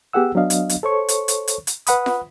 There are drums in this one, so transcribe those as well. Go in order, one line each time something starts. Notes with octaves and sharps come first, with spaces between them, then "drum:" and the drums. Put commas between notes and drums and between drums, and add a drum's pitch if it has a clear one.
B3 G4 G#4 F#5 E6
F#3 B3 D4 D#5 F5
drum: hi-hat
drum: hi-hat
A4 C5 C#5 C#6
drum: hi-hat
drum: hi-hat
drum: hi-hat
drum: hi-hat
B4 F#5 B5 D#6, drum: hi-hat
drum: snare F4